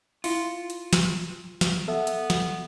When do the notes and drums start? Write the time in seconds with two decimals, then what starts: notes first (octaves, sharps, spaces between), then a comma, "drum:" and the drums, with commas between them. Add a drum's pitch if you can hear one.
0.24 E4 F4 C#7, drum: open hi-hat
0.70 drum: hi-hat
0.93 drum: snare
1.61 drum: snare
1.88 B3 A4 E5
2.07 drum: hi-hat
2.30 drum: snare